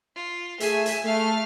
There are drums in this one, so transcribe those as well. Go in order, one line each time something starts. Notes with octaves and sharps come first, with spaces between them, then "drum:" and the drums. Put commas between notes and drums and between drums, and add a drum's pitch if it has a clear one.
F4
A3 G#4 E5 G#5, drum: hi-hat
drum: hi-hat
A3 F5 F6